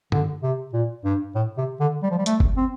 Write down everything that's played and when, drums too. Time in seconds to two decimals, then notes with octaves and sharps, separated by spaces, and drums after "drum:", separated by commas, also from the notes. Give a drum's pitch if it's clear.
0.12 D3, drum: tom G2
0.43 C3
0.73 A#2
1.04 G2
1.35 A2
1.57 C3
1.80 D3
2.03 G3
2.11 F3
2.18 G3
2.26 A3, drum: hi-hat
2.40 drum: kick G1
2.57 C4